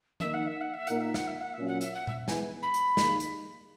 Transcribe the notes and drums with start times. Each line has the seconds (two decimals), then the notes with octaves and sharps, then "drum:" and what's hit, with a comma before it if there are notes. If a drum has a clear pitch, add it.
0.20 D#3 A#3 D#4 E5, drum: tom
0.33 F#5
0.47 E5
0.61 F#5
0.73 E5
0.87 A#2 A#3 D#4 A#4 F#5, drum: hi-hat
1.00 E5
1.14 F#5, drum: snare
1.27 E5
1.40 F#5
1.54 E5
1.59 A#2 F#3 C#4
1.67 F#5
1.81 E5, drum: hi-hat
1.94 F#5
2.07 E5, drum: tom A#2
2.28 E3 G#3 B3 E4 B4 G#5, drum: snare
2.62 B5
2.74 drum: hi-hat
2.97 D#2 D#3 A#3 D#4 G#4, drum: snare
3.20 drum: hi-hat